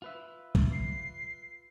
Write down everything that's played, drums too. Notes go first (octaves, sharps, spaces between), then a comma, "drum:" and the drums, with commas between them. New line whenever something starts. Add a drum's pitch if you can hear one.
F4 B4 E5
drum: kick
C7